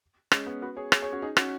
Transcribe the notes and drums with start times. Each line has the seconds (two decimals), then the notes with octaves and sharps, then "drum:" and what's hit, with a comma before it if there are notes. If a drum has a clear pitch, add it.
0.32 G#3 C#4, drum: rim click
0.46 B3
0.62 F#4 B4
0.77 G#4 C#5
0.92 G#4 C#5, drum: rim click
1.02 G#4 C#5
1.12 C#4 F#4
1.22 D#4 G#4
1.37 C#4 F#4, drum: rim click